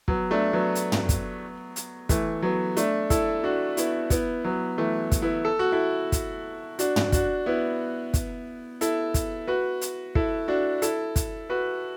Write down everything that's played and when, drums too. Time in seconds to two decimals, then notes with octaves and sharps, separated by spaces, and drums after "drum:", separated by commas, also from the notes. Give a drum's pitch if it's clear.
0.08 F#3 B3, drum: kick
0.31 A3 D4
0.53 F#3 B3
0.75 drum: hi-hat
0.92 drum: tom
1.09 drum: kick, hi-hat
1.76 drum: hi-hat
2.09 E3 A3, drum: kick, hi-hat
2.42 F#3 B3
2.77 A3 D4, drum: hi-hat
3.10 E4 A4, drum: kick, hi-hat
3.44 D4 F#4
3.77 B3 E4, drum: hi-hat
4.10 B3 E4, drum: kick, hi-hat
4.44 F#3 B3
4.78 E3 A3
5.12 drum: kick, hi-hat
5.22 B3 E4
5.45 A4
5.59 F#4
5.72 E4 A4
6.12 drum: kick, hi-hat
6.79 D4 F#4, drum: hi-hat
6.96 drum: tom
7.12 D4 F#4, drum: kick, hi-hat
7.46 B3 E4
8.14 drum: kick, hi-hat
8.81 E4 A4, drum: hi-hat
9.14 drum: kick, hi-hat
9.47 F#4 B4
9.81 drum: hi-hat
10.15 E4 A4, drum: kick
10.48 D4 F#4
10.82 E4 A4, drum: hi-hat
11.16 drum: kick, hi-hat
11.50 F#4 B4